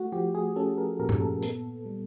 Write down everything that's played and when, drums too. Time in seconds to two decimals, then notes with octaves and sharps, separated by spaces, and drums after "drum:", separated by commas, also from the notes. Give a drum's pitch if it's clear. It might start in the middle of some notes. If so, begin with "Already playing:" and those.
Already playing: A3 F#4
0.12 F3 G4
0.35 G#4
0.56 C#4 A4
0.78 A#4
1.00 A#2 A#4
1.09 drum: tom G2
1.21 A4
1.43 B3 A4, drum: hi-hat
1.86 G3